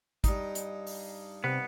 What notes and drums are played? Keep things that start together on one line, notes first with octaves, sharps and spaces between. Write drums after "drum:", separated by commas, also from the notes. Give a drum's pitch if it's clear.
G2 D#4, drum: kick, hi-hat
drum: hi-hat
drum: open hi-hat
C3 B3